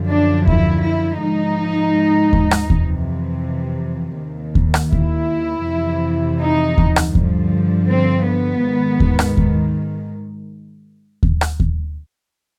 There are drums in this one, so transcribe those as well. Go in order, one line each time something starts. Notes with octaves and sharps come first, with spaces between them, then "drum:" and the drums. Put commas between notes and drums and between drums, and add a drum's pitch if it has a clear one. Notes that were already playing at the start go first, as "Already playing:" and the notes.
Already playing: F#2 D3 F3
D4
E4, drum: kick D#2
E4
G#2 F3 D#4
drum: kick D#2
drum: rim click
F2 C3 E3, drum: kick D#2
D#2 D#3
drum: kick D#2
drum: rim click
E4, drum: kick D#2
F2 C3 E3
D#4
drum: kick D#2
drum: rim click
G2 D3 F3, drum: kick D#2
C4
B3
G#2 D#3
drum: kick D#2
drum: rim click
drum: kick D#2
drum: kick D#2
drum: rim click
drum: kick D#2